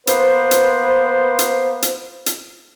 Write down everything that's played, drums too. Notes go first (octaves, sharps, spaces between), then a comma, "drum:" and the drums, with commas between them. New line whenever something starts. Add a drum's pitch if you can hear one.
A#3 B3 B4 C5, drum: hi-hat
drum: hi-hat
drum: hi-hat
drum: hi-hat
drum: hi-hat